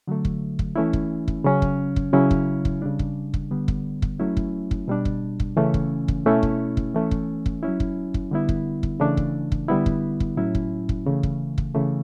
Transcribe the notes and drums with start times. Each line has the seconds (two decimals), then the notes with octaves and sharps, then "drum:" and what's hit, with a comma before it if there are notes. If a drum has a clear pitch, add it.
0.08 D3 F#3 A3
0.25 drum: kick
0.59 drum: kick
0.76 E3 A3 C#4 E4
0.93 drum: kick
1.28 drum: kick
1.44 C#3 F#3 C#4
1.62 drum: kick
1.96 drum: kick
2.13 C#3 F#3 C#4 E4
2.31 drum: kick
2.65 drum: kick
2.82 C#3 G3 D4
2.99 drum: kick
3.34 drum: kick
3.51 D3 G3 B3
3.68 drum: kick
4.02 drum: kick
4.19 F#3 A3 C#4 E4
4.37 drum: kick
4.71 drum: kick
4.88 B2 G3 D4
5.05 drum: kick
5.40 drum: kick
5.57 C#3 E3 A3 C#4
5.74 drum: kick
6.08 drum: kick
6.25 B2 A3 C#4 E4
6.43 drum: kick
6.77 drum: kick
6.94 E3 A3 C#4
7.11 drum: kick
7.46 drum: kick
7.63 F#3 C#4 E4
7.80 drum: kick
8.14 drum: kick
8.31 D3 G3 B3 E4
8.49 drum: kick
8.83 drum: kick
9.00 C#3 E3 A3 D4
9.17 drum: kick
9.52 drum: kick
9.68 D3 G3 B3 E4
9.86 drum: kick
10.20 drum: kick
10.37 A2 F#3 C#4 E4
10.55 drum: kick
10.89 drum: kick
11.06 C#3 E3 A3
11.23 drum: kick
11.58 drum: kick
11.75 C#3 E3 A3